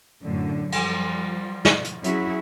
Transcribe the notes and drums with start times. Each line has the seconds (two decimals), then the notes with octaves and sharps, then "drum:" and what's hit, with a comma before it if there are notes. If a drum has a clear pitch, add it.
0.23 F#2 A2 D3
0.72 F3 G3, drum: cymbal
1.65 drum: snare
1.84 drum: hi-hat
2.04 F#3 C#4 E4 F#4 G#4, drum: hi-hat